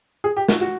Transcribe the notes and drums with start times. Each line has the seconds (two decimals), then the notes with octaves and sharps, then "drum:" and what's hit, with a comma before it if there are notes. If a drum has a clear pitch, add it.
0.24 G#4
0.37 G4
0.48 F#4, drum: snare
0.61 F#4